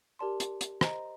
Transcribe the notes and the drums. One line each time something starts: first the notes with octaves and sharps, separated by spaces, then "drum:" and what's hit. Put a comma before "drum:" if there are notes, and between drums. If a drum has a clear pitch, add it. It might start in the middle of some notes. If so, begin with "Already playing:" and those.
G4 A#4 D5 A5 C6
drum: hi-hat
drum: hi-hat
C5 D#5 A#5, drum: rim click